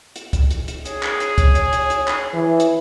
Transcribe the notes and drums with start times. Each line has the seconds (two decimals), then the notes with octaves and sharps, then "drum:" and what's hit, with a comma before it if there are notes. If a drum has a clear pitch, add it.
0.16 drum: hi-hat
0.33 drum: kick, hi-hat
0.51 drum: hi-hat
0.68 drum: hi-hat
0.85 G#4 C#5, drum: hi-hat
1.03 drum: clap
1.20 drum: hi-hat
1.38 drum: kick, hi-hat
1.55 drum: hi-hat
1.73 drum: hi-hat
1.90 drum: hi-hat
2.08 drum: clap
2.33 E3
2.60 drum: hi-hat